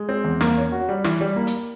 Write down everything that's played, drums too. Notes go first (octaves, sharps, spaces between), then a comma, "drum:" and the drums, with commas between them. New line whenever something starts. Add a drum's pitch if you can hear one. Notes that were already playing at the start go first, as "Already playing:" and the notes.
Already playing: G#3
C4
E2
A#3, drum: snare
C#4
F#4
G3
E3, drum: snare
G3
A#3
drum: hi-hat